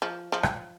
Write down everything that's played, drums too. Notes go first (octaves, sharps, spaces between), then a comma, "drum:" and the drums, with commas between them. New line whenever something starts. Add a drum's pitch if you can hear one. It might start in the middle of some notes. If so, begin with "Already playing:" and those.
F3
F3
drum: rim click